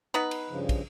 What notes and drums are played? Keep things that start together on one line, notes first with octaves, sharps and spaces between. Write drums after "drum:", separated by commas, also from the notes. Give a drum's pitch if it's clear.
B3 D#4 B4
drum: cymbal
G2 C#3 F3
drum: kick, cymbal